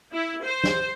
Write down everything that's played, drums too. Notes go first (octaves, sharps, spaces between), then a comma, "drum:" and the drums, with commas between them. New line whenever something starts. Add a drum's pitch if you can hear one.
E4
C5
drum: snare